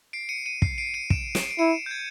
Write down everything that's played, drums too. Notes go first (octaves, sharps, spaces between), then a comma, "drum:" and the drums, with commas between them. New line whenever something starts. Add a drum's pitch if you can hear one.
C7 D7
C#7 D#7
C#7 D#7
C7, drum: kick
C7 D7
C#7 D#7
D7 E7, drum: kick
D7 E7, drum: snare
D7
E4 C#7 D#7
G6
G#6